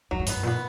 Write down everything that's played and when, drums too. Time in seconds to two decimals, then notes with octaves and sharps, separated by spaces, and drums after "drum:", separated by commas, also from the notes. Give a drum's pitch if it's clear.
0.11 F#2 F#3
0.19 G#2
0.27 F#2 B3, drum: hi-hat
0.43 A#2
0.47 B3